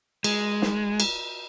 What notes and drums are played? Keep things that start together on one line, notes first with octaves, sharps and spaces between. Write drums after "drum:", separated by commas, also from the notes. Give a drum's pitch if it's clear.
G#3, drum: cymbal
drum: snare
drum: cymbal